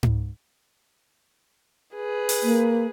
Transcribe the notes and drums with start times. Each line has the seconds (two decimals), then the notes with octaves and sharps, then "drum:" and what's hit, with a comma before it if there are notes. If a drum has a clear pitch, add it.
0.03 drum: tom G#2
1.95 G#4 B4
2.29 drum: open hi-hat
2.43 A#3